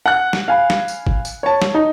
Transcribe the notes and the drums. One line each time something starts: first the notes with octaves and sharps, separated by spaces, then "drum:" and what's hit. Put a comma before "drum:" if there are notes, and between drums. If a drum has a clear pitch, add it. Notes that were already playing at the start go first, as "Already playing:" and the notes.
F#5 F#6
drum: snare
F5 G#5 B5
drum: snare
drum: tambourine
drum: kick
drum: tambourine
C#5 A5
drum: snare
D#4